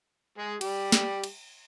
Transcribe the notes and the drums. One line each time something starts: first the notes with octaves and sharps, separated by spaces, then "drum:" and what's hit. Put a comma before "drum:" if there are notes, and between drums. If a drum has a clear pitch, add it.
G#3 G#4
G3 G4, drum: cymbal
drum: snare
drum: cymbal